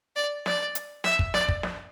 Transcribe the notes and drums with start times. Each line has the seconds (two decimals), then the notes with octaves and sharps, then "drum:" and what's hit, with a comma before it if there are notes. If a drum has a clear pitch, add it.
0.16 D5
0.46 D5, drum: snare
0.75 drum: hi-hat
1.04 E5, drum: snare
1.19 drum: kick
1.34 D5, drum: snare
1.49 drum: kick
1.63 drum: snare